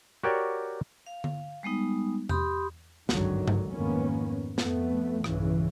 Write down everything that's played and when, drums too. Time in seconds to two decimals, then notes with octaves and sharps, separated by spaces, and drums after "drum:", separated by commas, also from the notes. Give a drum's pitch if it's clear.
0.23 F#4 G4 A#4 C#5 D5 G5
1.07 F5
1.24 drum: tom D3
1.63 G3 G#3 B3 D#4
2.29 G4 B5 C6 D#6, drum: tom E2
3.09 G#1 C#2 G2 D3 D#3 F#3, drum: snare
3.48 drum: tom G2
3.70 F2 G#2 D#3 A#3 B3 C#4
4.58 F2 A3 B3, drum: snare
5.24 B1 E2 G2 C#3 E3, drum: rim click